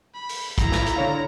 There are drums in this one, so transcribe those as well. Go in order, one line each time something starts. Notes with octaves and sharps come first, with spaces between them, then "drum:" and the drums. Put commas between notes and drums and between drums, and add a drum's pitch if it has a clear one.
B5
drum: open hi-hat
E4 A#5, drum: kick, hi-hat
drum: snare
drum: hi-hat
D3 C#5 F5